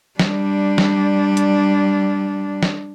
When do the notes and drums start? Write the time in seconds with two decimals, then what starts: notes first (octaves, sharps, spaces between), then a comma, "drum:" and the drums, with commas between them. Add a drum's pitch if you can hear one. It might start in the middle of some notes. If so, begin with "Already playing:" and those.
0.19 G3 D4, drum: snare
0.78 drum: snare
1.37 drum: hi-hat
2.63 drum: snare